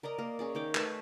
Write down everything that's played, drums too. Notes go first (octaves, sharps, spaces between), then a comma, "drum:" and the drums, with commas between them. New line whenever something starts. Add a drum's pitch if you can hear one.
A#4 D5 D#5 A#5
A#3 A#4
C#4 G#4 D5
D#3 C#5 G5 D6
A3 B4 D#5 E5, drum: clap